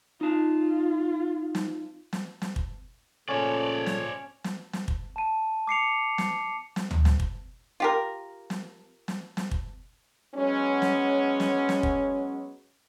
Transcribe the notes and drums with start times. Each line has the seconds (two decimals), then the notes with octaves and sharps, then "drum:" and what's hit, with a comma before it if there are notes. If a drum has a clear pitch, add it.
0.21 D#4 F4 A5
1.55 drum: snare
2.13 drum: snare
2.42 drum: snare
2.56 drum: kick
3.28 A#2 C#3 F3 A3 C#4 C#5 D5
3.86 drum: snare
4.44 drum: snare
4.73 drum: snare
4.88 drum: kick
5.16 A5 D#7
5.67 D6 C7 C#7 F7
6.18 drum: snare
6.76 drum: snare
6.91 drum: tom
7.05 drum: snare
7.20 drum: kick
7.80 F4 G4 A#4
8.50 drum: snare
9.08 drum: snare
9.37 drum: snare
9.51 drum: kick
10.35 F#3 G#3 B3 C#4
10.82 drum: snare
11.40 drum: snare
11.69 drum: snare
11.83 drum: kick